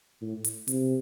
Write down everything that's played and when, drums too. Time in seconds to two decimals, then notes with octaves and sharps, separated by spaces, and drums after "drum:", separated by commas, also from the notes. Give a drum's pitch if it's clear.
0.22 A2
0.44 drum: hi-hat
0.68 C3, drum: hi-hat